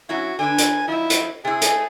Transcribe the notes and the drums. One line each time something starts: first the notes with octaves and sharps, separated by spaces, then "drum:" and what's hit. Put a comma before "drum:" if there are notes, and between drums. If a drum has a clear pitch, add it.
F#3 C#4 E4 F#4
D3 D4 B4 G#5
drum: hi-hat
F3 F#3 D#4 E4
drum: hi-hat
C3 E4 G#4
A3 D#5 G#5, drum: hi-hat